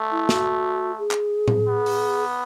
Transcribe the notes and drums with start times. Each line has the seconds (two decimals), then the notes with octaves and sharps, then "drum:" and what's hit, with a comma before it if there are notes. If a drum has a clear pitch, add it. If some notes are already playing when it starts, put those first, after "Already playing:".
Already playing: A3
0.11 E4
0.29 F#4, drum: snare
0.98 G#4
1.11 drum: clap
1.48 drum: tom A2
1.68 B3
1.86 drum: open hi-hat